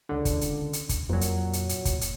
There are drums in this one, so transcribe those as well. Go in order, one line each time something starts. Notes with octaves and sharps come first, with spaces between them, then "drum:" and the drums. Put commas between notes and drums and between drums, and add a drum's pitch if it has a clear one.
C#2 D3
drum: kick, hi-hat
drum: hi-hat
drum: hi-hat
drum: kick, hi-hat
F2 A#2 F#3
drum: hi-hat
drum: hi-hat
drum: hi-hat
drum: kick, hi-hat
drum: hi-hat